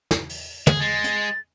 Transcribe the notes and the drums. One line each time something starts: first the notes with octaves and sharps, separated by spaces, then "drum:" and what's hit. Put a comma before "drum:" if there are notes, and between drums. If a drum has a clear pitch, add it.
drum: snare
drum: open hi-hat
G#4, drum: tom
G#3 A6
drum: hi-hat